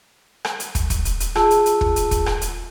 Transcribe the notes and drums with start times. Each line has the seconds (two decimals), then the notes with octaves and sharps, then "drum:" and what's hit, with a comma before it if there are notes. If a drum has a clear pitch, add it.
0.45 drum: rim click
0.60 drum: hi-hat
0.75 drum: kick, hi-hat
0.90 drum: kick, hi-hat
1.05 drum: hi-hat
1.20 drum: hi-hat
1.35 F4 G#4 A5 E6, drum: rim click
1.51 drum: hi-hat
1.66 drum: hi-hat
1.81 drum: kick
1.96 drum: hi-hat
2.11 drum: kick, hi-hat
2.26 drum: rim click
2.41 drum: hi-hat